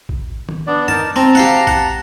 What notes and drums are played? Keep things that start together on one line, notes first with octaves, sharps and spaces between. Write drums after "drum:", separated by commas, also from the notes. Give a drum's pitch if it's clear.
drum: kick A1
drum: tom
B3 D4 D5
D#4 A#4 A5, drum: tom F#2
C4 A5 A#5
G4 F5 F#5
F#5, drum: kick A1